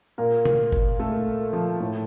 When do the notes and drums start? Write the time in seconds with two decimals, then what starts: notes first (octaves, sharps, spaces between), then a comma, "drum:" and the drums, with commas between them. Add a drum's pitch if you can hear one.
0.18 A#2 A#3 A#4
0.45 drum: tom
0.72 drum: kick G1
1.00 A3 A4
1.53 F3
1.80 A2